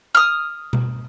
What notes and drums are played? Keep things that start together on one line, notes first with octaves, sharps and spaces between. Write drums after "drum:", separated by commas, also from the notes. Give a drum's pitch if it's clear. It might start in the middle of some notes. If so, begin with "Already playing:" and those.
D#6 F6
drum: tom B2